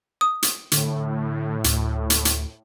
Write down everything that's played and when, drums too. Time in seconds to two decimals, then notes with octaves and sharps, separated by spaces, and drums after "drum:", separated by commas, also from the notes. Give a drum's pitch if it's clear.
0.21 D#6
0.42 drum: hi-hat
0.72 A2 D3, drum: hi-hat
1.64 D2, drum: hi-hat
2.10 drum: hi-hat
2.25 drum: hi-hat